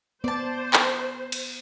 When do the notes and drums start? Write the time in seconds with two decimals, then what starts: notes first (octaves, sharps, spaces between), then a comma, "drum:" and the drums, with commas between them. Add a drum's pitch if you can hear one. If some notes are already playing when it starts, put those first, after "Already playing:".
0.24 B3 C5 D5 A5
0.73 drum: clap
1.32 drum: cymbal